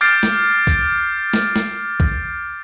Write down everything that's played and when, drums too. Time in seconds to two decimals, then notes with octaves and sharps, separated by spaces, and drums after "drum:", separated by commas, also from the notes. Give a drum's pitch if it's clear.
0.01 D6 F6 G6 A6 C7 D7
0.23 drum: snare
0.67 drum: kick
1.33 drum: snare
1.56 drum: snare
2.00 drum: kick